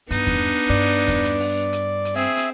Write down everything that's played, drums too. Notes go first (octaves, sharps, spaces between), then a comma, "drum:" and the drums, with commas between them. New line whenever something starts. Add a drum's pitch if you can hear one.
G2 B3 D4 D#4, drum: hi-hat
drum: kick E2, hi-hat
G2 D5
drum: kick E2, hi-hat
drum: hi-hat
drum: open hi-hat
drum: hi-hat
drum: hi-hat
C4 G#4 E5
drum: hi-hat